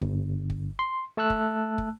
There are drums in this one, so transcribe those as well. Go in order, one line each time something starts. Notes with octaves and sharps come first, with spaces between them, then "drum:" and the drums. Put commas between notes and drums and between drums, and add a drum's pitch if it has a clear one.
G1, drum: kick
drum: kick
C6
A3 A5 E6 F#6
drum: kick
drum: kick